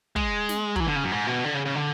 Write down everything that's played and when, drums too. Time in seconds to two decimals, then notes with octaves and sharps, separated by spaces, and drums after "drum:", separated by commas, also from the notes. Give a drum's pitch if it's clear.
0.16 G#3, drum: kick
0.49 drum: snare
0.76 F#3, drum: kick
0.80 E3
0.88 D3
0.96 C#3
1.04 F#2
1.12 G#2
1.27 B2
1.44 D3
1.55 C#3
1.65 C#3
1.75 D3